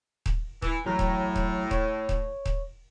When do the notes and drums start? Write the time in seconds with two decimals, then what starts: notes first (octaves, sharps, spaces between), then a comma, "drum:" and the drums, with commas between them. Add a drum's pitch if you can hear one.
0.26 drum: kick D#1
0.62 E3, drum: kick D#1
0.86 A1 A2 F#3 A#5
0.99 drum: kick D#1
1.36 drum: kick D#1
1.71 C#5, drum: kick D#1
2.09 drum: kick D#1
2.46 drum: kick D#1